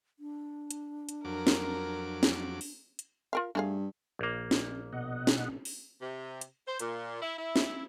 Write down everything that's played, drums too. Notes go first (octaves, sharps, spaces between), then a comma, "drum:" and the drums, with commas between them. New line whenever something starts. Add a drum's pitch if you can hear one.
D4
drum: hi-hat
drum: hi-hat
F2 F#3 A#4 D6
drum: snare
drum: snare
drum: open hi-hat
drum: hi-hat
F4 A#4 F5
G2 A3 G#4 F5
A#1 A#3
drum: snare
B2 D#5 F#5
drum: snare
drum: open hi-hat
C3
drum: hi-hat
C5
A#2, drum: hi-hat
E4
E4
drum: snare